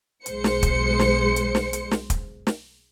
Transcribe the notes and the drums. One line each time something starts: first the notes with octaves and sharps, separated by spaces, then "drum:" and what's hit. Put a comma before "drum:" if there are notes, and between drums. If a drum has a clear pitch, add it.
B1 G#3 C5 C#7, drum: hi-hat
drum: snare
drum: kick, hi-hat
drum: snare
drum: hi-hat
drum: snare
drum: hi-hat
drum: snare
drum: kick, hi-hat
drum: snare